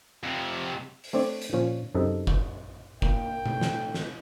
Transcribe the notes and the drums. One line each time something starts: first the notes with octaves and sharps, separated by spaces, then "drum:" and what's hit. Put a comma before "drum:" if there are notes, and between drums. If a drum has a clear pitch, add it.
F2 C3
drum: open hi-hat
A3 C4 D4 C#5 D5
drum: hi-hat
A#2 F3 C#4
F#2 C3 D#4 A4
drum: kick
A#3 G5, drum: kick
A2, drum: tom B2
drum: snare
drum: snare